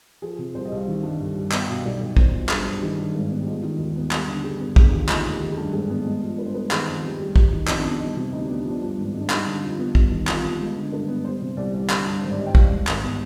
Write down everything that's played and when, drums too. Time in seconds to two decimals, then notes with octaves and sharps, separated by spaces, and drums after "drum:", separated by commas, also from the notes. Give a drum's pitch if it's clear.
0.22 F3 G#4
0.39 C3
0.55 C2 C5
0.66 D#5
0.72 C2
0.77 F5
0.87 D#3
1.03 G2
1.20 G1
1.36 G3
1.52 B3 F5, drum: clap
1.61 G5
1.68 B2 F5
1.85 B1 D5
2.01 B1
2.17 B3 C5, drum: kick
2.33 F3
2.49 G2 G#4, drum: clap
2.65 G2
2.76 G4
2.82 D#3 G#4
2.98 G2
3.15 G#1
3.31 B3
3.41 G4
3.47 G#3 F4
3.63 D#3
3.78 D#2
3.96 B3
4.11 G3, drum: clap
4.28 D3
4.43 G2 G#4
4.60 B3
4.76 D3 G#4, drum: kick
4.89 D#2 G4
4.99 F4
5.09 F1 D#4, drum: clap
5.25 F1
5.41 D#3 G4
5.52 G#4
5.57 G2
5.73 G#1 G#4
5.90 B3
6.07 G#3
6.22 F3
6.38 G2 B4
6.46 C5
6.54 B3 B4
6.71 D#3 G#4, drum: clap
6.87 F2
7.03 F1 G4
7.19 G3
7.36 G3, drum: kick
7.52 D#3
7.68 F2 D#4, drum: clap
7.79 D4
7.84 B3
7.90 D4
8.00 G3 D#4
8.17 C3
8.32 D2 D#4
8.45 B3 D4
8.65 F3
8.71 D4
8.82 G2
8.98 G#1
9.14 G#3
9.20 D4
9.30 G3 D#4, drum: clap
9.47 D3
9.63 F2 F4
9.79 B3
9.95 G3, drum: kick
10.11 D#3
10.27 F2 F4, drum: clap
10.43 B3
10.59 G#3
10.76 D3
10.92 G2 B4
11.08 B3
11.24 G3 C5
11.41 C3
11.57 C2 D5
11.74 C2
11.90 D3, drum: clap
12.05 G2
12.22 G#1 C5
12.31 D5
12.38 G3 D#5
12.46 G5
12.55 G3 F5, drum: kick
12.70 G#2
12.87 G#1, drum: clap
13.03 B3